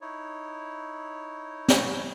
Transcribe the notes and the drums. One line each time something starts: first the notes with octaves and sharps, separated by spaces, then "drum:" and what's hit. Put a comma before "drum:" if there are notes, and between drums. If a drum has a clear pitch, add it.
D#4 E4 C#5
drum: snare